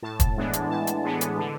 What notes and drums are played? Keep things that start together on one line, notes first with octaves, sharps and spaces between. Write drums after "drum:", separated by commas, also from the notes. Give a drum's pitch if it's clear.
A2 A5
drum: kick, hi-hat
E3 G#3 B3 D4
drum: hi-hat
A2 A5
drum: hi-hat
E3 G#3 B3 D4
drum: hi-hat
D3